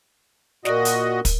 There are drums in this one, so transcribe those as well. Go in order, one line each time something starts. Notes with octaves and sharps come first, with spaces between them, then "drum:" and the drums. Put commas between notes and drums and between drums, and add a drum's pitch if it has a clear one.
A#2 F#4 A#4 D5 D#5, drum: snare
drum: hi-hat
drum: kick, hi-hat